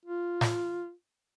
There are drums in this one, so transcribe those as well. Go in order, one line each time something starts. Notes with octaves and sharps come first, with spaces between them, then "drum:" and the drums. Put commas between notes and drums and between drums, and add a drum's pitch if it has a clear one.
F4
drum: snare